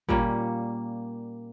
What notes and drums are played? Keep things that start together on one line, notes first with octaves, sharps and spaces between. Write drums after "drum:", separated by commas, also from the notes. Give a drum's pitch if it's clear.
A#2 G3 A#3 C#4, drum: kick